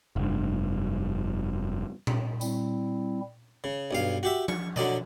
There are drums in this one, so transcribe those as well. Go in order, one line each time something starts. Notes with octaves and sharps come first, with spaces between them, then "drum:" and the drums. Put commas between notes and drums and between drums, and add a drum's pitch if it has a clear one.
F1 G2
drum: tom A#2
G3 C4 E4, drum: tambourine
C#3
B1 G2 F5
F#4 G4 E5
C#6, drum: tom F3
D3 F#3 D5 D#5, drum: tom B2